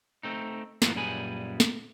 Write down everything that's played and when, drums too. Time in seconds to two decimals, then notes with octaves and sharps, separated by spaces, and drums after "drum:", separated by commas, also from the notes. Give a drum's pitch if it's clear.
0.23 A3 C4 D#4
0.82 F#2 A2 E3 B3 F4 F#4, drum: snare
0.95 F#2 A#2 G3 G#4 B4 G#5
1.60 drum: snare